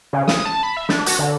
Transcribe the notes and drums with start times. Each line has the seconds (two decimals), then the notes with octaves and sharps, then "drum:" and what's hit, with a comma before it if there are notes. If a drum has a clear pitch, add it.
0.13 C#3
0.28 D#6, drum: snare
0.45 A5
0.63 B5
0.77 E5
0.89 D4, drum: snare
1.06 F#4, drum: hi-hat
1.19 D3